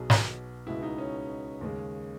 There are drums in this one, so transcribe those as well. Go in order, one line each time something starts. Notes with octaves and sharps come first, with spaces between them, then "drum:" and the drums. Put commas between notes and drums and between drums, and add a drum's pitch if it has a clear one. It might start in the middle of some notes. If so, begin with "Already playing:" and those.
Already playing: B1 B2 F#3 G#4
drum: snare
C#2 B2 G#3 E4
D#4
C#4
D#2 C#3 G#3